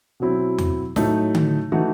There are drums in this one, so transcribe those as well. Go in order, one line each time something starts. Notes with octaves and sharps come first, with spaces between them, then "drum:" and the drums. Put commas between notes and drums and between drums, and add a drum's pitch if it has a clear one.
B2 F#3 C4 E4
drum: tom E2
A2 F#3 A3 D#4, drum: snare
drum: tom D3
E3 A3 D#4 F#4